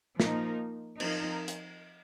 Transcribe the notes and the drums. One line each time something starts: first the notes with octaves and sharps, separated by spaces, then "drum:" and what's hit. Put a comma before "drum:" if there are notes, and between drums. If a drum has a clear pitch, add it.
F3 A#3 D#4 A#4, drum: snare
F3 C4 D#4 A#4, drum: cymbal
drum: hi-hat